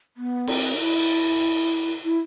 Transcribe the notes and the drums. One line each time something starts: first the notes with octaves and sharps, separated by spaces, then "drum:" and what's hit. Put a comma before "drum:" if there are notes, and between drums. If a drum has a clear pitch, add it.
B3
C4, drum: cymbal
D#4
E4
E4